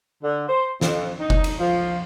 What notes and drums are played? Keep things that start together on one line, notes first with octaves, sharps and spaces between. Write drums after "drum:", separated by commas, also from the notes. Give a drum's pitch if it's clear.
D3
C5
F2, drum: snare
D#4
drum: kick F1
drum: cymbal
F3